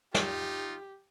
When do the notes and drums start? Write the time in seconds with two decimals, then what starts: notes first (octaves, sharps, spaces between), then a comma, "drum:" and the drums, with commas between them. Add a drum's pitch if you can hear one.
0.14 D#4 F4 G4, drum: snare